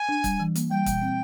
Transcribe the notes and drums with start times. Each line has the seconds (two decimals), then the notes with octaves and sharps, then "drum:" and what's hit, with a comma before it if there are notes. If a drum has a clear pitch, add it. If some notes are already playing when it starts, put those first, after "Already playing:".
Already playing: G#5
0.09 D4
0.24 G3, drum: kick, hi-hat
0.40 E3
0.55 A#3, drum: hi-hat
0.70 G3 G5
0.86 A#2, drum: kick, hi-hat
1.02 C4